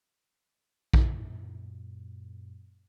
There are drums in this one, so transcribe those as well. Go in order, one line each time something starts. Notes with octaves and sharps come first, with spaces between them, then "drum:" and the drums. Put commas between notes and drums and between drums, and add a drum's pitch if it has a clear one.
F#2 A#2, drum: kick A#1